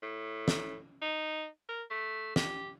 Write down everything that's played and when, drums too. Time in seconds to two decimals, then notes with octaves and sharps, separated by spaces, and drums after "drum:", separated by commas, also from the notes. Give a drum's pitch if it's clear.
0.03 A2
0.48 drum: snare
1.02 D#4
1.69 A#4
1.90 A3
2.36 G4, drum: snare